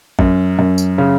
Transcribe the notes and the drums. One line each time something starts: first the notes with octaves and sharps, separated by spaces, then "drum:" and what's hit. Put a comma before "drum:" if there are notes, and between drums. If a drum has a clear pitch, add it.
F#2, drum: kick A1
F#2
drum: tambourine
C#3